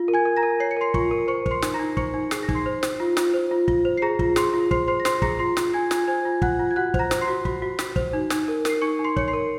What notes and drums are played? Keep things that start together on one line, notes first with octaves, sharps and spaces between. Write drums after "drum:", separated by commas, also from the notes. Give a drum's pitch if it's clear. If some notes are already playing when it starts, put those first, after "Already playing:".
Already playing: F4
A#4
G#5 G#6
A#4
A#5 A#6
A#4
C#5 C7
C#7
A#4 C6 C7
F4 C#6 C#7, drum: kick
A#4
C5 C#6 C#7
C5, drum: kick
C6 C7
D#4, drum: snare
A#5 A#6
D#4
C5 C#6 C#7, drum: kick
D#4
G#4 C7, drum: snare
A#6
D#4, drum: kick
C6 C7
C5
C5, drum: snare
F4
F4, drum: snare
C5
F4
F4, drum: kick
C5
C7
G#4 A#5 A#6
F4, drum: kick
G#4 C6 C7, drum: snare
F4
C5 C6 C7, drum: kick
C5 C6 C7
A#6
C5 C6 C7, drum: snare
G#4 A#5 A#6, drum: kick
F4 C6 C7
F4, drum: snare
F4 G#5 G#6
F4, drum: snare
C5 G#5 G#6
F4
F4 F#5 F#6, drum: kick
F4
G#6
F#4 F#5 F#6
C5, drum: kick
A#5 A#6
C5, drum: snare
C6 C7
F#4
F#4, drum: kick
F#4
F#4, drum: snare
C5, drum: kick
D#4
D#4, drum: snare
A#4
A#4 C7, drum: snare
D#4 C#6 C#7
D#4
C6 C7
C#5 C#7, drum: kick
C6 C7
A#4